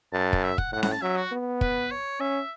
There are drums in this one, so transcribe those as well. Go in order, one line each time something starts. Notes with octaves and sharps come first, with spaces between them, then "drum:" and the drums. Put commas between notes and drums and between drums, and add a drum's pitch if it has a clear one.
F#2 A5
drum: kick
E5
F#5, drum: kick
A2 F#5
F#5, drum: snare C#4
A5
F#3 E5
F#4
B3
B4, drum: kick
C#5
C#4 E5